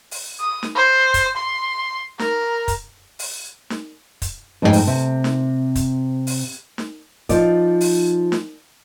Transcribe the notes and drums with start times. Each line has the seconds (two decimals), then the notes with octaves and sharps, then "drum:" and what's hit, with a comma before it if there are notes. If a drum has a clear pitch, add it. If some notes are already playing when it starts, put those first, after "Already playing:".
0.11 drum: open hi-hat
0.40 D#6
0.63 drum: snare
0.76 C5
1.14 drum: kick, hi-hat
1.37 C6
2.19 A#4, drum: snare
2.68 drum: kick, hi-hat
3.19 drum: open hi-hat
3.70 drum: snare
4.22 drum: kick, hi-hat
4.62 F2 G#2 A3 E4 D#5 G5
4.73 drum: open hi-hat
4.87 C3
5.24 drum: snare
5.75 drum: kick, hi-hat
6.27 drum: open hi-hat
6.78 drum: snare
7.29 F3 D#4 D5, drum: kick, hi-hat
7.81 drum: open hi-hat
8.32 drum: snare